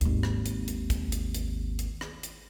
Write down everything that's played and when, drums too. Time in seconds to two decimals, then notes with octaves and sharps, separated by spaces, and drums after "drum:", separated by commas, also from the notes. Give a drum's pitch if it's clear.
0.01 G#1 D#2, drum: hi-hat
0.23 drum: rim click
0.46 drum: hi-hat
0.68 drum: hi-hat
0.90 drum: kick, hi-hat
1.12 drum: hi-hat
1.34 drum: hi-hat
1.79 drum: hi-hat
2.01 drum: rim click
2.23 drum: hi-hat